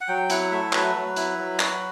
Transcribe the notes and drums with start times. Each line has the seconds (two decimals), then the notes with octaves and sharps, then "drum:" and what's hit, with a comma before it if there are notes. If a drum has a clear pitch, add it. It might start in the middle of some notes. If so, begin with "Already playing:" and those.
0.01 F#5
0.08 F#3 G5
0.30 E4 F#5, drum: hi-hat
0.52 A3 E5
0.73 F#3 B4, drum: clap
0.95 F#3
1.16 E4, drum: hi-hat
1.39 F#3
1.60 F#4, drum: clap